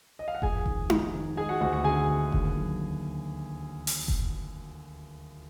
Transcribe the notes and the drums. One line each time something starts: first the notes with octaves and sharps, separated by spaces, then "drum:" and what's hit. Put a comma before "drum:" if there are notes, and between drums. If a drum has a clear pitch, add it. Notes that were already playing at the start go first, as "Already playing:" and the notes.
D#5
F5
F#5
F1 G#4 G#5, drum: kick F1
D#3, drum: kick F1
F1, drum: tom D#4
D#3
G#3 G#4 G#5
F#4 F#5
D2 F#4 F#5
F#4 F#5
D3 G#4 G#5
D3
D#2, drum: kick F1
F#3
drum: open hi-hat
drum: kick F1